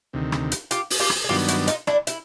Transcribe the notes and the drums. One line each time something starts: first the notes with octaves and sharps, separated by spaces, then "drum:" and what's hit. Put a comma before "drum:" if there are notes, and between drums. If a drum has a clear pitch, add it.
D2 C3 D#3
drum: rim click
drum: hi-hat
F4 G4, drum: hi-hat
drum: open hi-hat
F4 G4
drum: rim click
G#4
G2 D#3 F#3 B3 D4 F4 G4
E4 F#4, drum: hi-hat
D#4 F4, drum: hi-hat
D4 E4, drum: rim click
E4, drum: hi-hat